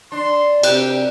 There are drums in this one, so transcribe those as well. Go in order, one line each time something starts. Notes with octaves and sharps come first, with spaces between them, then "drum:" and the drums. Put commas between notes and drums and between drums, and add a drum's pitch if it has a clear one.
D4 C6
C3 D5 G5 F#6, drum: cymbal